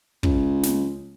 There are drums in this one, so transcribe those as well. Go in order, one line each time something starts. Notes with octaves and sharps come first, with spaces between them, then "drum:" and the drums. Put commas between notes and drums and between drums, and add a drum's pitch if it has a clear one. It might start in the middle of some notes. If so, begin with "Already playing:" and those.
C#2, drum: kick
drum: snare